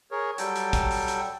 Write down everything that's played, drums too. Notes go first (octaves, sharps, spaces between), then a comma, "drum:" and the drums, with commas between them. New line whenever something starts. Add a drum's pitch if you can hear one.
G#4 A#4 C#5
F#3 G3 A4 G5, drum: hi-hat
drum: hi-hat
drum: kick, hi-hat
drum: open hi-hat
drum: hi-hat